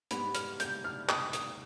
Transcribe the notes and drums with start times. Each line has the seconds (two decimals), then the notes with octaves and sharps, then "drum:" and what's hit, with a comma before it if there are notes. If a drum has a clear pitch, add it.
0.11 G#2 G3 B3 B5, drum: hi-hat
0.35 F6, drum: hi-hat
0.60 G6, drum: hi-hat
0.84 F6
1.09 D#6, drum: clap
1.33 D#6, drum: hi-hat